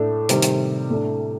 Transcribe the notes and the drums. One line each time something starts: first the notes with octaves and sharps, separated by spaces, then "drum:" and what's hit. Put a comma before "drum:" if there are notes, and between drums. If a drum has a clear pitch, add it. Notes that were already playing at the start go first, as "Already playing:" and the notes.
Already playing: A2 A3 D4
C3 D#3 G3 C4, drum: hi-hat
drum: hi-hat
A2 A3 D4